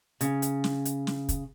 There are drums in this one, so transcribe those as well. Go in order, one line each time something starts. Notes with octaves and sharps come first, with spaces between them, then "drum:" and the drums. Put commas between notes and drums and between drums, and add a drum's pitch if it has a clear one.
C#3, drum: hi-hat
drum: hi-hat
drum: snare
drum: hi-hat
drum: snare
drum: kick, hi-hat